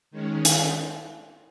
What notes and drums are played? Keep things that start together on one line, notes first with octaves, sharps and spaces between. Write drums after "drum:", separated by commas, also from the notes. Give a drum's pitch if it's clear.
D#3 G#3 C#4
drum: hi-hat